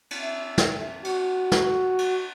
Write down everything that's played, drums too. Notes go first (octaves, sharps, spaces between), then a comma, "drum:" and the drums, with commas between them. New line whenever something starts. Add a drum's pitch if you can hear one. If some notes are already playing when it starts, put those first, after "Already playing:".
drum: cymbal
E5
drum: snare
F#4, drum: cymbal
drum: snare
drum: cymbal